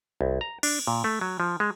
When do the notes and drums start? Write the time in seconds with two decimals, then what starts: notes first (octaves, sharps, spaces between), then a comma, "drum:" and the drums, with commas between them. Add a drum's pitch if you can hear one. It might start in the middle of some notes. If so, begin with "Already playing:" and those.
0.21 C2
0.41 A#5
0.63 D4, drum: cymbal
0.87 A#2
1.04 A3
1.21 F#3
1.40 F3
1.60 G#3